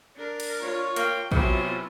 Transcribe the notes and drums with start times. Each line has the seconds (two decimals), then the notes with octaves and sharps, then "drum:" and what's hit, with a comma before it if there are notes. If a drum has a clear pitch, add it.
0.16 D4 A#4
0.40 drum: cymbal
0.62 F4 C#5
0.96 A#3 G5, drum: hi-hat
1.32 C3 F#3 B3 C#4 E4 F4, drum: kick